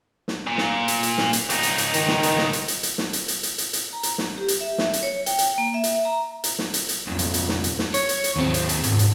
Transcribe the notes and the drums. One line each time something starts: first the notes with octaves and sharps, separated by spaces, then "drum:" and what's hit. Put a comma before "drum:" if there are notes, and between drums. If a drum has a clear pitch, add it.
drum: snare
A#2
drum: snare
drum: hi-hat
drum: hi-hat
drum: snare
drum: hi-hat
C#2 D#4, drum: hi-hat
drum: hi-hat
drum: hi-hat
D#3, drum: hi-hat
drum: snare
drum: hi-hat
drum: snare
drum: hi-hat
drum: hi-hat
drum: hi-hat
drum: snare
drum: hi-hat
drum: hi-hat
drum: hi-hat
drum: hi-hat
drum: hi-hat
A#5
drum: hi-hat
drum: snare
G4
drum: hi-hat
E5
drum: snare
drum: hi-hat
C#5
G5, drum: hi-hat
drum: hi-hat
A#3
E5
drum: hi-hat
A#5
drum: hi-hat
drum: snare
drum: hi-hat
drum: hi-hat
B1 F2
drum: hi-hat
drum: hi-hat
drum: snare
drum: hi-hat
drum: snare
C#5, drum: hi-hat
drum: hi-hat
drum: hi-hat
D#2 C4
drum: hi-hat
drum: hi-hat
C2 G#2, drum: hi-hat
drum: hi-hat